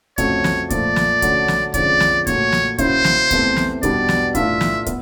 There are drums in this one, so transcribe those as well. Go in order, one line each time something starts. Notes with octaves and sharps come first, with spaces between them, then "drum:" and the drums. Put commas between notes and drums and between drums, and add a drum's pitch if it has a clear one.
F2 C#3 F#3 A3 C#5, drum: kick, hi-hat
drum: snare
A#2 F3 A3 D5, drum: kick, hi-hat
drum: snare
D3 F#3 A3 C#4, drum: kick, hi-hat
drum: snare
F2 D3 F3 G#3 C#4 D5, drum: kick, hi-hat
drum: snare
A#2 F#3 A3 C#5, drum: kick, hi-hat
drum: snare
C#3 F#3 A#3 C#4 E4 C5, drum: kick, hi-hat
drum: snare
E2 C3 E3 A3 C4, drum: kick, hi-hat
drum: snare
E2 B2 G3 B3 D4 D5, drum: kick, hi-hat
drum: snare
A2 E3 A3 D4 F4 E5, drum: kick, hi-hat
drum: snare
B3, drum: kick, hi-hat